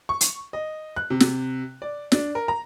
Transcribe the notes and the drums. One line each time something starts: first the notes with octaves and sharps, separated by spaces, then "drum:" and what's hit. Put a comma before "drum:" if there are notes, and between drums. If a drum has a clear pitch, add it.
C#6
drum: hi-hat
D#5
F#6
C3
drum: snare
D5
D4, drum: snare
A#4
A#5